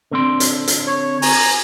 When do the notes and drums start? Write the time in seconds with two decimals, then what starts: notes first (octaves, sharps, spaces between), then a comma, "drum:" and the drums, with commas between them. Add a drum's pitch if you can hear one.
0.11 D3 C4 C6
0.40 drum: hi-hat
0.68 drum: hi-hat
0.87 C#5
1.22 G#5 A#5, drum: open hi-hat